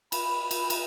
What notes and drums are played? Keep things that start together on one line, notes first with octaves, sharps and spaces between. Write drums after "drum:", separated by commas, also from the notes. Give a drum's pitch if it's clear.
B5, drum: cymbal
drum: cymbal
drum: cymbal